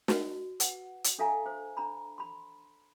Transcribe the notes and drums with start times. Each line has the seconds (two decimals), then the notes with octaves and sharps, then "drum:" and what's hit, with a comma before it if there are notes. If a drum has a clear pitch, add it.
0.08 F#4, drum: snare
0.60 B4 F#5, drum: hi-hat
1.04 drum: hi-hat
1.19 D4 A4 E5 F5 G#5 A#5
1.46 C5
1.77 D4 A#5 B5
2.18 B5 C6